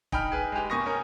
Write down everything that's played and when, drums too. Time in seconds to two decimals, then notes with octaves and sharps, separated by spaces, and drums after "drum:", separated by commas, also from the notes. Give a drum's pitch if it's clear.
0.12 D#4 G5 B5 F6, drum: kick
0.32 G#4 B4
0.52 G#3 G4
0.70 B2 A#3 G#5 C#6 D#6 A#6
0.86 C#4 A#4